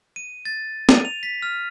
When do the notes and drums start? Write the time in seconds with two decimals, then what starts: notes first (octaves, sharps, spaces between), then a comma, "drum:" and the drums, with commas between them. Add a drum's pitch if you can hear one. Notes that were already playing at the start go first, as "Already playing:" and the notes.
0.16 D#7
0.45 A6
0.89 D#7, drum: snare
1.05 F7
1.23 B6
1.42 F6